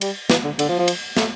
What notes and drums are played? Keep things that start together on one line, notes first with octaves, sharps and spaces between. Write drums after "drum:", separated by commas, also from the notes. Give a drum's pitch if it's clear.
G3, drum: cymbal
E3, drum: snare
D3
D3, drum: cymbal
F3
F3
drum: cymbal
A3, drum: snare